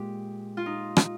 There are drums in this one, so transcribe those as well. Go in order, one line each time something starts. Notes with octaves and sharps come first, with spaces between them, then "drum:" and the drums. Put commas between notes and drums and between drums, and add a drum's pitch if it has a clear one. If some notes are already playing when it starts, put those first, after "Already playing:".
Already playing: A#2 G#3 G4
F4
D#4
drum: rim click